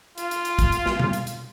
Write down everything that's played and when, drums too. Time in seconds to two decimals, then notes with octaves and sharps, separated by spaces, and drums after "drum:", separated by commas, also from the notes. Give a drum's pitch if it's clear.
0.18 F4, drum: hi-hat
0.31 drum: hi-hat
0.45 drum: hi-hat
0.59 drum: kick, hi-hat
0.72 drum: hi-hat
0.86 drum: snare
1.00 drum: tom B2
1.13 drum: hi-hat
1.27 drum: hi-hat